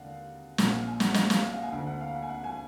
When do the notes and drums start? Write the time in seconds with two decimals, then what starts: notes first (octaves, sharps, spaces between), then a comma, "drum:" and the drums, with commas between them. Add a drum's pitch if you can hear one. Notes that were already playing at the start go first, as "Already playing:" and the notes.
Already playing: D#2 D3 F5 F#5
0.58 A#1 A#2 F#5, drum: snare
0.87 G#5
1.00 F#5, drum: snare
1.14 D#5, drum: snare
1.30 F5, drum: snare
1.43 F5
1.53 F#5
1.63 G#5
1.72 D2 D3
1.87 F#5
2.01 F5
2.15 F#5
2.23 G#5
2.29 F#5
2.44 G#5